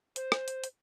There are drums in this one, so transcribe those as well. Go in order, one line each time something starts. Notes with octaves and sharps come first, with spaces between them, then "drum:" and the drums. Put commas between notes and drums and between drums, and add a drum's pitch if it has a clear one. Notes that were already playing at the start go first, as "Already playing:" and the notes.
C5, drum: hi-hat
drum: rim click
drum: hi-hat
drum: hi-hat